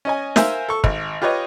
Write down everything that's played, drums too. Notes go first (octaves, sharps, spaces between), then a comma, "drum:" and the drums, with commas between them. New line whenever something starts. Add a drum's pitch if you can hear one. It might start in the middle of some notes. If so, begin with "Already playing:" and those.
C#4 D#5 G#5
A#4 C5 E5 F5 G#5, drum: snare
A4 C#6
G#1, drum: kick
F4 G4 B4 C#5 D#5